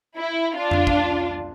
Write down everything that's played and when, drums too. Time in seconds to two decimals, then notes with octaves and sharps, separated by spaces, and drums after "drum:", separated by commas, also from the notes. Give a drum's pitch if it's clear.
0.17 E4
0.56 D4 F4
0.71 drum: tom F2
0.87 drum: kick